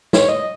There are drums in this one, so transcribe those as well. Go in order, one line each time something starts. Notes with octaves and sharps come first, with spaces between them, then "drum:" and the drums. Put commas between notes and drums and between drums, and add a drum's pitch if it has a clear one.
C#5, drum: snare
D#5